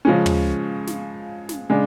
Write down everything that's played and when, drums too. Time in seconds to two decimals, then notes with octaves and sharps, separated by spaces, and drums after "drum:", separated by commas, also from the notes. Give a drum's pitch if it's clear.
0.05 C#3 F3 G#3 C#4
0.26 drum: tom
0.87 drum: snare
1.49 drum: snare
1.70 C#3 G#3 D4